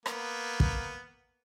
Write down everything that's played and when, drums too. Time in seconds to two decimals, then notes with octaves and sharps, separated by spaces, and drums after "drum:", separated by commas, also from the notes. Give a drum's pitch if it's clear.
0.06 A#3 B3, drum: rim click
0.60 drum: kick